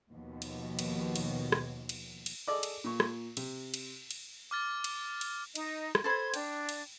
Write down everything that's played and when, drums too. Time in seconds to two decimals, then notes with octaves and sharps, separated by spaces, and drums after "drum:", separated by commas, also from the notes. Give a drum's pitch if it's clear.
0.12 D#2 B2 F3
0.42 drum: cymbal
0.79 drum: cymbal
1.16 drum: cymbal
1.52 drum: rim click
1.89 drum: cymbal
2.26 drum: cymbal
2.48 G#4 A4 D5 D#5 D6
2.63 drum: cymbal
2.84 A#2 C#6
3.00 drum: rim click
3.37 C3, drum: cymbal
3.74 drum: cymbal
4.11 drum: cymbal
4.51 D6 F6 A6
4.84 drum: cymbal
5.21 drum: cymbal
5.55 D#4 D#5, drum: cymbal
5.95 drum: rim click
6.04 A4 C5 B5 C6 G#6
6.34 D4 G5, drum: cymbal
6.69 drum: cymbal